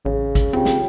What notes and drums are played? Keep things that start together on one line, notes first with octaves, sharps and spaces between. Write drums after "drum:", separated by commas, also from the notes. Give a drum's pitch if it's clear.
A1 C#3
drum: kick G#1, hi-hat
C4 F4 G4 G5
drum: snare